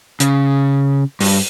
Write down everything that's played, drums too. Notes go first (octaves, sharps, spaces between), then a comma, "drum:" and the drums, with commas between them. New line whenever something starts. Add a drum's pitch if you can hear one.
C#3, drum: hi-hat
G2, drum: open hi-hat